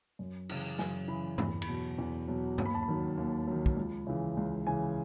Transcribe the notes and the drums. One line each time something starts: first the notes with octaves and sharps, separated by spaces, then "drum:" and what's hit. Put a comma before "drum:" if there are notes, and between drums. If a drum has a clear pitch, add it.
F#2
C#3 E3, drum: cymbal
F#2 G#5, drum: snare
C#3 E3 B5
E2 B5, drum: tom
B5, drum: cymbal
B2 F#3
E2
B2 F#3
D#2, drum: tom
B5
A5
B5
D#3 F#3
D#2
D#3 F#3
drum: kick
C#2
C#3 E3
C#2
C#3 E3 G#5